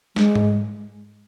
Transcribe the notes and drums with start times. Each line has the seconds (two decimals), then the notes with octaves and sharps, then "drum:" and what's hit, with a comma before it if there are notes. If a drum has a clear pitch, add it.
0.16 G#3, drum: snare
0.35 drum: tom G#2